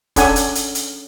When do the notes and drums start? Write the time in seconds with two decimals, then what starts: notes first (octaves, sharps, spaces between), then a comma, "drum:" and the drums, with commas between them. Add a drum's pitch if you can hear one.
0.16 C#4 D4 A4 F#5 G#5, drum: kick, hi-hat
0.36 drum: hi-hat
0.55 drum: hi-hat
0.75 drum: hi-hat